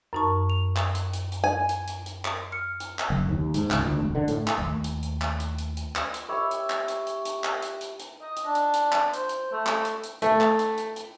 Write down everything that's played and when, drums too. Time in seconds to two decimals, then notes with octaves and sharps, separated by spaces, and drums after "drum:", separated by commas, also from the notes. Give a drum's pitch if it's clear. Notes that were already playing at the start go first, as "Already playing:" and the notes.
0.13 F#2 D#4 A#4 A5 C#6
0.50 F7
0.76 drum: clap
0.95 drum: hi-hat
1.13 drum: hi-hat
1.32 drum: hi-hat
1.44 G#5
1.69 drum: hi-hat
1.88 drum: hi-hat
2.06 drum: hi-hat
2.25 drum: clap
2.52 F6 C#7
2.80 drum: hi-hat
2.99 drum: clap
3.10 F#1
3.29 D#2
3.54 G#2, drum: hi-hat
3.71 C#2, drum: clap
3.85 D2
4.01 E1
4.15 D3
4.28 A2, drum: hi-hat
4.47 drum: clap
4.58 D#2 A3
4.84 drum: hi-hat
5.03 drum: hi-hat
5.21 drum: clap
5.40 drum: hi-hat
5.59 drum: hi-hat
5.77 drum: hi-hat
5.96 drum: clap
6.14 drum: hi-hat
6.29 G4 C#5 E5 B5
6.51 drum: hi-hat
6.70 drum: clap
6.88 drum: hi-hat
7.07 drum: hi-hat
7.25 drum: hi-hat
7.44 drum: clap
7.62 drum: hi-hat
7.81 drum: hi-hat
8.00 drum: hi-hat
8.22 D#5
8.37 drum: hi-hat
8.46 D4
8.55 drum: hi-hat
8.74 drum: hi-hat
8.92 drum: clap
9.14 C5, drum: hi-hat
9.29 drum: hi-hat
9.52 A3
9.66 drum: clap
9.85 drum: hi-hat
10.04 drum: hi-hat
10.22 A3, drum: hi-hat
10.41 drum: clap
10.59 drum: hi-hat
10.78 drum: hi-hat
10.96 drum: hi-hat